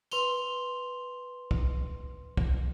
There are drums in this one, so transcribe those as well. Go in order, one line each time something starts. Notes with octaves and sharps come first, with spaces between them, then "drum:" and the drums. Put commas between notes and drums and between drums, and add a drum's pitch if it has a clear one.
B4 C6 F7 G7, drum: tambourine
drum: kick
drum: kick